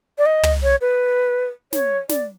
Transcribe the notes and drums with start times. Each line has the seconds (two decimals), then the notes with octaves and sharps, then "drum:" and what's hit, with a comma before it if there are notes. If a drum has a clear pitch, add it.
0.18 D5
0.26 D#5
0.43 drum: tom
0.63 C#5
0.81 B4
1.73 C#5, drum: snare
2.09 D5, drum: snare